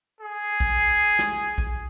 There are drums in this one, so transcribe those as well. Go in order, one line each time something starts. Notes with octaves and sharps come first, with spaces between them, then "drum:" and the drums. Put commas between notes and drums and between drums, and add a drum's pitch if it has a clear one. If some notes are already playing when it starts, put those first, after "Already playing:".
G#4
drum: kick A#1
drum: snare
drum: kick A#1